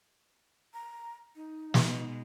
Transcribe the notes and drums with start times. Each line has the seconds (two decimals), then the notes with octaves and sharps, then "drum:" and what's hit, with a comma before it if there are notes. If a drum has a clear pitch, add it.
0.74 A#5
1.36 D#4
1.74 B2 G#3, drum: snare